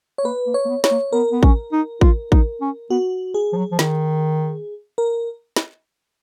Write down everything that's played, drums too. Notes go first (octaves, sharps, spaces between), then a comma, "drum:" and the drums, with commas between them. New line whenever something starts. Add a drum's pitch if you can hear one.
C#5
A#3 B4
A#3
C#5
A#3
B3
C#5, drum: snare
A#3
B3 A#4
B3
C#4, drum: kick
D#4
F4, drum: kick
D#4, drum: kick
C#4
B3 F#4
G#4
F3
F#3
F3
D#3, drum: snare
A#4
drum: snare